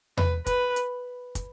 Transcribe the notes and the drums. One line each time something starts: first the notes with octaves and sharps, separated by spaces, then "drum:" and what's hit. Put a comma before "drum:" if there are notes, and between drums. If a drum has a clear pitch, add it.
B4, drum: tom E2
B4, drum: kick, hi-hat
drum: hi-hat
drum: kick, hi-hat